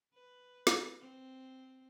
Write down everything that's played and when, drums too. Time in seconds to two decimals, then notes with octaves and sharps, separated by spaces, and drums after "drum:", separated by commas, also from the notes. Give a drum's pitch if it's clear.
0.14 B4
0.67 drum: snare
1.00 C4